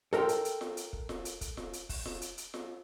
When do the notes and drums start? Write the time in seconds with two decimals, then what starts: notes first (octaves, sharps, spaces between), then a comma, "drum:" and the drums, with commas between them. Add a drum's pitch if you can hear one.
0.13 A4 A#4 D#5 G5 C6, drum: snare F4
0.29 drum: hi-hat
0.45 drum: hi-hat
0.61 drum: snare F4
0.77 drum: hi-hat
0.93 drum: kick
1.09 drum: snare F4
1.25 drum: hi-hat
1.41 drum: kick, hi-hat
1.57 drum: snare F4
1.73 drum: hi-hat
1.89 drum: kick, open hi-hat
2.05 drum: snare F4
2.22 drum: hi-hat
2.38 drum: hi-hat
2.54 drum: snare F4